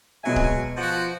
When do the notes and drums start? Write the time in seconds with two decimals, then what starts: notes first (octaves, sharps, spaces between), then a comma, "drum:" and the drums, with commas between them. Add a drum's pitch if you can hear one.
0.24 B2 F#3 G#3 E5 G#5
0.36 drum: kick C#1
0.77 F3 F#4